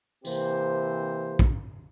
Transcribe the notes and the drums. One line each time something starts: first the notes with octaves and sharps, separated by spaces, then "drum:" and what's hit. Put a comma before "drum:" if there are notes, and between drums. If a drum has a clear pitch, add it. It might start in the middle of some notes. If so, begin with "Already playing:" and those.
C3 E3 A#3 C4 G4 C5, drum: tambourine
drum: kick A#1